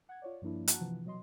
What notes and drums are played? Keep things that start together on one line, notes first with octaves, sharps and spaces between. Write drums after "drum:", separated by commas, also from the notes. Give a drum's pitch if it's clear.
F#5 G#6
F4 C#5 D5
G2 F3 A#3 D4 E4
F#4 F#5 A5 A#5 F#6, drum: hi-hat
C3 E3 F3
B2 F#3 D#5 C6